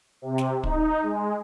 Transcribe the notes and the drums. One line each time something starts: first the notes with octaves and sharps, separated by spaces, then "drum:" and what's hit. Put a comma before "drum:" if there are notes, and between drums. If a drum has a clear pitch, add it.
C3
drum: snare
D#4, drum: kick
G#3